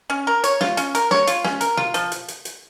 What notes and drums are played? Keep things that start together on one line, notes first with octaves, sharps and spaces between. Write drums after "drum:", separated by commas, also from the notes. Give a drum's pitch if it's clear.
C#4
A#4
C#5, drum: hi-hat
F4, drum: snare
C#4, drum: hi-hat
A#4, drum: hi-hat
C#5, drum: snare
F4, drum: hi-hat
C#4, drum: snare
A#4, drum: hi-hat
F4, drum: tom
F3, drum: hi-hat
drum: hi-hat
drum: hi-hat
drum: hi-hat